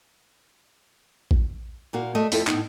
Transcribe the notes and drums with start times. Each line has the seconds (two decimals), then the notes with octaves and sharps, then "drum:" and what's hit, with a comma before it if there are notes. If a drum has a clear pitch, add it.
1.31 drum: kick A1
1.93 A#2 A#3 F#4
2.15 A3 D#5
2.32 F2 E4 F4 A4 C5, drum: open hi-hat
2.47 A2 B3 D#4, drum: clap